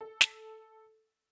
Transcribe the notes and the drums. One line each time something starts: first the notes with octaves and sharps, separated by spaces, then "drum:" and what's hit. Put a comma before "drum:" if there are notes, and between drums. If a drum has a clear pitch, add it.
A4
drum: snare